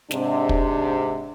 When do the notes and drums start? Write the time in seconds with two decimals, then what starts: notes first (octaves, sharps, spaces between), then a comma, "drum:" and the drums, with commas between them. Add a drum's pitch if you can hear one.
0.11 G#2 C3 D4, drum: snare
0.49 drum: kick